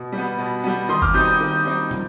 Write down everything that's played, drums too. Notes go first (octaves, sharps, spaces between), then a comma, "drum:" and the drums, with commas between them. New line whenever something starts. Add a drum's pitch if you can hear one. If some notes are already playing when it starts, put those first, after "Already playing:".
Already playing: B2
G3
B3
B2
G3 B3
D#3 C6 D#6
D6 F6, drum: kick G1
G3 C4 D#4 D#6 G6
D#6 G6
D#3
G3 C4 D#4
F3, drum: tom